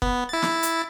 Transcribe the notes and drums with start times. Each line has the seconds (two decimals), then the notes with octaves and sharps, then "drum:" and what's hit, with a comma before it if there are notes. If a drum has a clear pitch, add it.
0.02 B3, drum: kick
0.29 E4 A6
0.42 drum: snare
0.63 drum: hi-hat